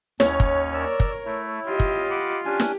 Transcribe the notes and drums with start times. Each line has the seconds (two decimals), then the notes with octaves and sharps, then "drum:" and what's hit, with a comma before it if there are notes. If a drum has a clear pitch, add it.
0.20 D#2 C#4 C#5, drum: snare
0.40 drum: kick
0.73 A#4 D5 E6
1.00 drum: kick
1.25 A3 E4
1.66 F4 G4 D#5
1.80 drum: kick
2.10 F#5 B5 D6
2.45 C#4 D4 G4 G#5
2.60 drum: snare